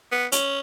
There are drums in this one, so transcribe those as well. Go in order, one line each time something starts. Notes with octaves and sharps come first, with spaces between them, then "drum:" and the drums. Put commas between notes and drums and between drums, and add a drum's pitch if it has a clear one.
B3
C#4, drum: hi-hat